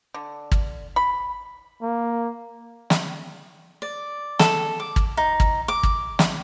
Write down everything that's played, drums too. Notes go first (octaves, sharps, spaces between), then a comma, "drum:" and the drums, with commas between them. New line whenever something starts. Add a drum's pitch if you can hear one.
D3
drum: kick
B5
A#3
drum: snare
D5
A4, drum: snare
D6
drum: kick
D#4
drum: kick
D6
drum: kick
drum: snare